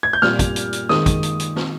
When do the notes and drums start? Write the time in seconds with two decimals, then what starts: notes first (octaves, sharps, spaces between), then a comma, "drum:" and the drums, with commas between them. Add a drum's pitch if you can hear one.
0.03 G#6
0.13 G6
0.22 A#2 G3 F6, drum: snare
0.39 drum: kick, hi-hat
0.56 drum: hi-hat
0.73 drum: hi-hat
0.89 D#3 G#3 D#6, drum: snare
1.06 drum: kick, hi-hat
1.23 drum: hi-hat
1.40 drum: hi-hat
1.56 drum: snare